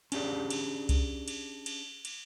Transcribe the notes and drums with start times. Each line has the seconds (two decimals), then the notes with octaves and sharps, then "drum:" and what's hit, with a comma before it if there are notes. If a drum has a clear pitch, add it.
0.12 C#4 D4 G4 G#4 D5, drum: cymbal
0.50 drum: cymbal
0.89 drum: kick C2, cymbal
1.28 drum: cymbal
1.66 drum: cymbal
2.05 drum: cymbal